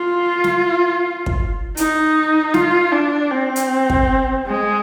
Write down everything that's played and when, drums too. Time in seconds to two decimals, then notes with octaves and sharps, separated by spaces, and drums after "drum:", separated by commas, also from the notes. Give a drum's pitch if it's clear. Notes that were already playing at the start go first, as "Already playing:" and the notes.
Already playing: F4
0.44 drum: snare
1.26 drum: kick
1.77 D#4, drum: hi-hat
2.54 F4, drum: snare
2.91 D4
3.31 C4
3.56 drum: hi-hat
3.90 drum: kick
4.46 G#3